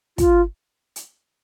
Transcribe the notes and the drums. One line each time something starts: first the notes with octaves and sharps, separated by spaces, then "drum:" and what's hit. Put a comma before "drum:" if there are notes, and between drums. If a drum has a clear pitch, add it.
F4, drum: kick, hi-hat
drum: hi-hat